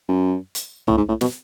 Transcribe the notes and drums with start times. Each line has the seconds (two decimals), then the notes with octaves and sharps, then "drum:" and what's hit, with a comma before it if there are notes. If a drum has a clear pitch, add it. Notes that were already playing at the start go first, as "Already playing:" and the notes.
0.08 F#2
0.55 drum: hi-hat
0.87 A2, drum: tom
0.97 G#2
1.08 A2
1.21 B2, drum: snare